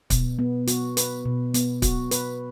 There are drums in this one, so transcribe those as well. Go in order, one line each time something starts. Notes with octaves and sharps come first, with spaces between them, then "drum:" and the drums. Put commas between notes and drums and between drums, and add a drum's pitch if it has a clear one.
B2, drum: kick C#1, hi-hat
B3
F#4, drum: hi-hat
B4, drum: hi-hat
B2
B3, drum: hi-hat
F#4, drum: kick C#1, hi-hat
B4, drum: hi-hat